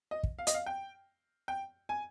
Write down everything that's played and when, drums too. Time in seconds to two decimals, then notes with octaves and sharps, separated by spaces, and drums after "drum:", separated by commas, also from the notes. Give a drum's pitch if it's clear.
0.11 D#5
0.23 drum: kick
0.39 F5
0.47 D#5, drum: hi-hat
0.54 F5
0.66 G5
1.48 G5
1.89 G#5